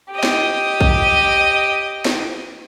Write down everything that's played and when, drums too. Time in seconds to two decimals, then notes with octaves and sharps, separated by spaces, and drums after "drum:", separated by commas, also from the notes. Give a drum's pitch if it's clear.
0.12 G4 D#5
0.23 drum: snare
0.81 drum: kick
2.05 drum: snare